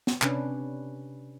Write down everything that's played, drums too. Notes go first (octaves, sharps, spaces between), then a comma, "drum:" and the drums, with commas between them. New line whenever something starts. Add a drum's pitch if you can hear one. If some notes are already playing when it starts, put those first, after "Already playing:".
drum: snare
C3 C#4 D4 B4, drum: clap